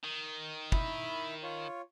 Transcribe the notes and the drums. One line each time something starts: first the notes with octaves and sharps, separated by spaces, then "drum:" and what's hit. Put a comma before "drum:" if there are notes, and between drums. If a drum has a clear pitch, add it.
D#3
E4 B5, drum: kick
F4 C#5